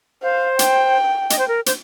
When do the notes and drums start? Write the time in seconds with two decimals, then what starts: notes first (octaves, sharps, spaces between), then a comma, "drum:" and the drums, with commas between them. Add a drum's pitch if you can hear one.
0.22 C5 F5
0.59 G5, drum: hi-hat
1.30 D#5, drum: hi-hat
1.39 C5
1.48 A#4
1.66 C5, drum: hi-hat